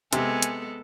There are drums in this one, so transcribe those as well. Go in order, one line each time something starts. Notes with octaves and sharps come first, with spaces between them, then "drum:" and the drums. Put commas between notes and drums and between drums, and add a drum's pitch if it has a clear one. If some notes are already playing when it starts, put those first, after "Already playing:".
C3 G#3 B3 A4 G#5, drum: hi-hat
drum: hi-hat